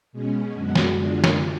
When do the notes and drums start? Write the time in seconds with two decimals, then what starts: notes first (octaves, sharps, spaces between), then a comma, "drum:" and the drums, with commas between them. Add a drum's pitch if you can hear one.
0.12 B2 G#3 C#4
0.54 F#2 D3 G#3 B3 F#4
0.75 drum: snare
0.96 F#2 D3 G#3 D4 F4
1.24 drum: snare